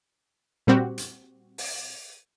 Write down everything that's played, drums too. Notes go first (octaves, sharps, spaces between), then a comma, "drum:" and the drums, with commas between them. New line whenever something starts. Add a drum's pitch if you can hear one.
A#2 G3 C4 F#4 G4
drum: hi-hat
drum: open hi-hat